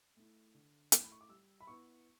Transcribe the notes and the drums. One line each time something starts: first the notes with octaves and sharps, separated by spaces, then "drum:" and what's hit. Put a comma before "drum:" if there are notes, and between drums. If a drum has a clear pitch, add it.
A3 E4
D3
A3 E4, drum: hi-hat
B5
C#6
D6
G3 E6
B5
B3 E4 B4 C#6